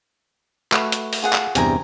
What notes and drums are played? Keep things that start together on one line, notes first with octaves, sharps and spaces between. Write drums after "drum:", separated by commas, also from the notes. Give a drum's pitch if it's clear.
A3 F#4 B4, drum: clap
drum: hi-hat
drum: open hi-hat
F4 G#4 F#5
drum: clap
E2 G2 C3 G5 G#5 A#5, drum: hi-hat